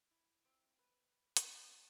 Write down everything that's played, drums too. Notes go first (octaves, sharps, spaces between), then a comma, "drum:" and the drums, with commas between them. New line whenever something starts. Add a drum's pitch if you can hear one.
E4
C4
B4
drum: hi-hat